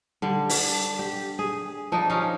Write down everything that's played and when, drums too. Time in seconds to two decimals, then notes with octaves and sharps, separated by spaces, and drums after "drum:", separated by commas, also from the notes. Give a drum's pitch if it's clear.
0.22 D3 G3
0.49 D4, drum: open hi-hat
0.99 G4
1.39 G#4
1.92 F3 D4 D#4
2.09 C#4 D#4 F5